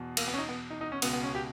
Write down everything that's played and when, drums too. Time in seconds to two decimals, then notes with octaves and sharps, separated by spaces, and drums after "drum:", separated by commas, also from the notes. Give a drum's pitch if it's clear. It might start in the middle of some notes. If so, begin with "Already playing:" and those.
Already playing: E2 B2
0.17 A#3, drum: cymbal
0.28 B3
0.33 C#4
0.38 D#4
0.49 B3
0.70 D#4
0.81 D#4
0.92 C#4
1.02 C#2 B2 B3, drum: cymbal
1.13 B3
1.23 C#4
1.35 G4